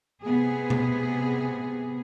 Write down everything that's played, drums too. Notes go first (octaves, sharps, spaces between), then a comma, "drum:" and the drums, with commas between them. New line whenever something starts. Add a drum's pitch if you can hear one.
C3 B3 G#4
drum: tom B2